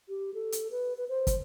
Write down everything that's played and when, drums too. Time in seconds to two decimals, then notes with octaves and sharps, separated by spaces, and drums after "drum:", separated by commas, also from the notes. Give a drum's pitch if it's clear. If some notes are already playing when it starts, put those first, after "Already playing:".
0.09 G4
0.34 A4
0.52 drum: hi-hat
0.71 B4
0.98 B4
1.09 C5
1.27 drum: kick, hi-hat